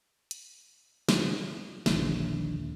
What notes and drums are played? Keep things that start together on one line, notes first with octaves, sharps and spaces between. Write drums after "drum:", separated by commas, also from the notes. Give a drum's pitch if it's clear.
drum: hi-hat
drum: snare
D#1 A#1 D#2 D3, drum: snare